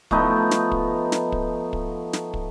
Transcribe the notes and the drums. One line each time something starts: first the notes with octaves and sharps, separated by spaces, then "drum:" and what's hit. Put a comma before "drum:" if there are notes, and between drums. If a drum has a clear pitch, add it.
F3 A3 B3 D#4, drum: kick
drum: snare
drum: kick
drum: snare
drum: kick
drum: kick
drum: snare
drum: kick